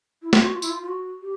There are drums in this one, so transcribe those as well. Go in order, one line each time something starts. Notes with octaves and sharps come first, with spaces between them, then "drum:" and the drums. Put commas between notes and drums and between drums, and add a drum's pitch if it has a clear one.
E4
F4, drum: snare
F#4
F4
E4, drum: tambourine
F4
F4
F#4
G4